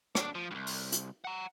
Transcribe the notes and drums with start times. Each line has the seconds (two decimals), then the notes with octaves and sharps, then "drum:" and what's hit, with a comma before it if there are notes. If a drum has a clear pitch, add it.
0.15 D4, drum: rim click
0.35 F3
0.51 C2 G2
0.67 drum: open hi-hat
0.92 drum: hi-hat
1.24 F#5 A#5